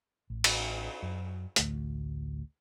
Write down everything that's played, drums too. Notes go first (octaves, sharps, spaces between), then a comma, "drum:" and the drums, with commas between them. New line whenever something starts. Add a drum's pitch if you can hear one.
A1
drum: cymbal
F#2
A1 D2 A3, drum: hi-hat